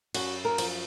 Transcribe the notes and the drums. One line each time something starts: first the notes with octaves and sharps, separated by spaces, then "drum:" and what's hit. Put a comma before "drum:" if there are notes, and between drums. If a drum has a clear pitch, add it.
F#2 F#4, drum: cymbal
A#4
F3, drum: cymbal